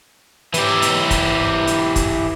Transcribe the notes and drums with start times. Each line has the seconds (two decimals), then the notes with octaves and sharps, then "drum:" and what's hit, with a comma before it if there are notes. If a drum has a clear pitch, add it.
0.54 E3 G4, drum: hi-hat
0.82 drum: hi-hat
1.11 drum: kick, hi-hat
1.67 drum: hi-hat
1.96 drum: kick, hi-hat